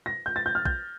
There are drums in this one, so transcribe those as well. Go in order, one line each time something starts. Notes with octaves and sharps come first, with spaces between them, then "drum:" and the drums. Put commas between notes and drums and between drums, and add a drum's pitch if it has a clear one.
A#6
G6
A6
G6
F6
G6, drum: kick